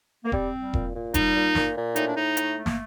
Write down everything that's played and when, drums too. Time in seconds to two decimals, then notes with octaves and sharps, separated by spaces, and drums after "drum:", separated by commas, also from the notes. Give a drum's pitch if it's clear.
0.24 A#3
0.32 G3 C4, drum: kick E1
0.53 G3
0.73 A#2, drum: kick E1
0.94 A#2
1.14 G3 D#4, drum: kick E1, hi-hat
1.35 A#2
1.55 A#2, drum: snare
1.76 A#2
1.96 A2 D#4, drum: hi-hat
2.06 D4
2.16 A2 D#4
2.37 A3, drum: hi-hat
2.57 A3
2.66 A#3, drum: snare